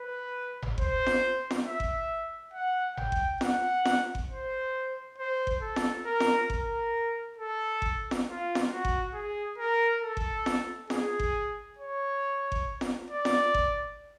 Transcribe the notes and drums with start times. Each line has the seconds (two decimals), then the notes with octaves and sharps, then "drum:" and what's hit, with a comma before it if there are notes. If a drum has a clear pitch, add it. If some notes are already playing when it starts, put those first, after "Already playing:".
Already playing: B4
0.62 drum: tom G1
0.78 C5, drum: kick G1
1.06 drum: snare
1.51 drum: snare
1.65 E5
1.80 drum: kick G1
2.54 F#5
2.97 G5, drum: tom G1
3.12 drum: kick G1
3.41 F#5, drum: snare
3.85 drum: snare
4.15 drum: kick G1
4.30 C5
5.18 C5
5.47 drum: kick G1
5.61 A4
5.76 drum: snare
6.05 A#4
6.20 drum: snare
6.50 A#4, drum: kick G1
7.38 A4
7.82 drum: kick G1
8.11 drum: snare
8.26 F4
8.55 drum: snare
8.70 F#4
8.85 drum: kick G1
9.14 G#4
9.58 A#4
10.02 A4
10.17 drum: kick G1
10.46 drum: snare
10.90 G#4, drum: snare
11.20 drum: kick G1
11.78 C#5
12.52 drum: kick G1
12.81 drum: snare
13.10 D5
13.25 drum: snare
13.54 drum: kick G1